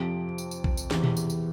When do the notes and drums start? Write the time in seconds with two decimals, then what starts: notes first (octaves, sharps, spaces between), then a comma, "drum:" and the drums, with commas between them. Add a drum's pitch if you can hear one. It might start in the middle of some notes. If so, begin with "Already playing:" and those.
Already playing: F2 C3 F3 D7
0.38 drum: tambourine
0.51 drum: tambourine
0.64 drum: kick A#1
0.77 drum: tambourine
0.91 E2 C3 E3, drum: snare
1.04 drum: tom A#2
1.17 drum: tambourine
1.30 drum: tambourine